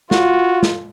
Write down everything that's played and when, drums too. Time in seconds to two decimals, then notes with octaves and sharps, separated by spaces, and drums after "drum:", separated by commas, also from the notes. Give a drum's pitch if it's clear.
0.11 F4 F#4, drum: snare
0.63 drum: snare